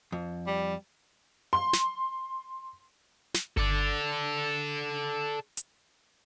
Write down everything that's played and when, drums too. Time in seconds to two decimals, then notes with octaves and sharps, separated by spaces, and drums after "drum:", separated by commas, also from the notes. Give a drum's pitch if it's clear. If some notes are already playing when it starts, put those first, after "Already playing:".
0.12 F2
0.47 G3
1.53 C6
1.73 drum: snare
3.34 drum: snare
3.57 A4 D5, drum: kick G1
5.57 drum: hi-hat